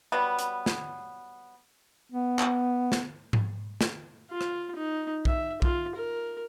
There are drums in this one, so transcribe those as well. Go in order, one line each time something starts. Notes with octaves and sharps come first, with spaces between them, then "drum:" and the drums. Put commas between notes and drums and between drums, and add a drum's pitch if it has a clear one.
F#3 G3 B3
drum: hi-hat
drum: snare
B3
drum: clap
drum: snare
drum: tom G#2
drum: snare
F4
drum: rim click
D#4
E5, drum: kick
F4, drum: kick
A#4